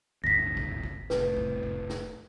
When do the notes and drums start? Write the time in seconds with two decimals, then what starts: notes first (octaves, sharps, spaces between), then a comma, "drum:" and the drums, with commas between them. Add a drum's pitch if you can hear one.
0.24 D1 G1 D2 A#6 B6
0.57 drum: kick A#1
0.84 drum: kick A#1
1.10 F1 A2 B4, drum: snare
1.36 drum: kick A#1
1.63 drum: kick A#1
1.89 drum: snare